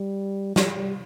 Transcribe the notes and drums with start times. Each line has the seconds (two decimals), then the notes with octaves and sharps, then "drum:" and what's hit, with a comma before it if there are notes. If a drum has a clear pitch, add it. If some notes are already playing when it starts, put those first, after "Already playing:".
Already playing: G3
0.56 G3, drum: snare